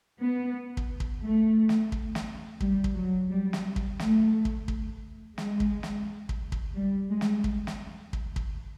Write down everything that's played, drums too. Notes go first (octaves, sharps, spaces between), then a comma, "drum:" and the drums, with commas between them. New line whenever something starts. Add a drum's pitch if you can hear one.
B3
drum: kick
drum: kick
A3
drum: snare
drum: kick
drum: snare
G3, drum: kick
drum: kick
F#3
G3
drum: snare
drum: kick
A3, drum: snare
drum: kick
drum: kick
G#3, drum: snare
drum: kick
drum: snare
drum: kick
drum: kick
G3
G#3
drum: snare
drum: kick
drum: snare
drum: kick
drum: kick